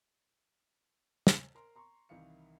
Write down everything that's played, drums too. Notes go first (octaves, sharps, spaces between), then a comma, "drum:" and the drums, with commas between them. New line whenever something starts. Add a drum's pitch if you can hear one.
drum: snare
A#4 A#5 C6
A#5 C6 C#6
C2 D#3 E3 E4 F5 C#7